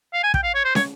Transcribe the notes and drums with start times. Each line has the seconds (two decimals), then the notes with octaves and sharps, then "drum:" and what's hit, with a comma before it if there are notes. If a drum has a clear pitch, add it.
0.14 F5
0.23 G#5
0.34 G5, drum: kick
0.43 F5
0.55 C#5
0.64 C5
0.75 C#5, drum: snare